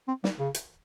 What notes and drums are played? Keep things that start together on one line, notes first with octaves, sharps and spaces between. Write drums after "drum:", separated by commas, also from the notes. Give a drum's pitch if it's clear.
C4
G3, drum: snare
C#3
drum: hi-hat